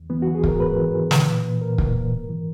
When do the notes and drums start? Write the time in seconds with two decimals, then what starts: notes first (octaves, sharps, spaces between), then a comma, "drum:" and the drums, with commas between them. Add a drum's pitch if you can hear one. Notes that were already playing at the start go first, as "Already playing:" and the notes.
Already playing: E2
0.10 E3 B3
0.22 E3 F#4
0.35 G#4
0.44 G#2 A#4, drum: kick
0.60 G#2 B4
0.77 E3
0.94 E3
1.11 A#2, drum: snare
1.28 A#2
1.45 A#2
1.61 A#2 A#4
1.78 A#2, drum: kick
1.95 A#2
2.12 G#2
2.29 E3